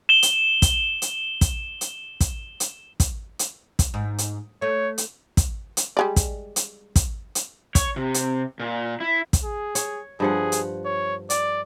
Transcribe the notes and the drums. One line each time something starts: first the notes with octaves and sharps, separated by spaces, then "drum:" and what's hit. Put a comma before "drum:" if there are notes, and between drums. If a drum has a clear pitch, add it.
E7 G7
drum: hi-hat
drum: kick, hi-hat
drum: hi-hat
drum: kick, hi-hat
drum: hi-hat
drum: kick, hi-hat
drum: hi-hat
drum: kick, hi-hat
drum: hi-hat
drum: kick, hi-hat
G#2
drum: hi-hat
A3 C#5
drum: hi-hat
drum: kick, hi-hat
drum: hi-hat
G3 G#3 D5
drum: kick, hi-hat
drum: hi-hat
drum: kick, hi-hat
drum: hi-hat
C#5, drum: kick, hi-hat
C3
drum: hi-hat
A#2
E4
drum: kick, hi-hat
G#4
C#5, drum: hi-hat
G2 F3 G#4 F#5
drum: hi-hat
C#5
D5, drum: hi-hat